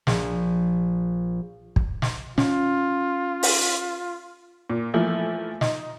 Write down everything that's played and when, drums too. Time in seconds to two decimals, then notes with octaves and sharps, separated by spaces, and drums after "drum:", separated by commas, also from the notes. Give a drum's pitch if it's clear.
0.07 A#1, drum: snare
1.76 drum: kick
2.02 drum: snare
2.38 C#4 F4, drum: snare
3.43 drum: open hi-hat
4.70 A#2
4.94 E3 F3 A3 A#3 E4
5.61 D#4, drum: snare